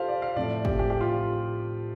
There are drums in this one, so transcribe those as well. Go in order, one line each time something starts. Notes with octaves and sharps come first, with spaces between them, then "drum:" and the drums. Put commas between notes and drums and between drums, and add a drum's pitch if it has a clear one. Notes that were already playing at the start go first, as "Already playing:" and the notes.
Already playing: F4 G4 A4 C5 F5
D5
F5
A2 F3 A3 C4 D5
G4, drum: kick
G4
G4
F4